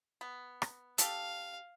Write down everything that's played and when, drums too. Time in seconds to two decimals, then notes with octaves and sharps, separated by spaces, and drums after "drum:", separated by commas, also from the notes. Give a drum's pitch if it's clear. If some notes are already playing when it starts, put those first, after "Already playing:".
0.21 B3
0.62 drum: rim click
0.98 D4 G4 A4 F5, drum: hi-hat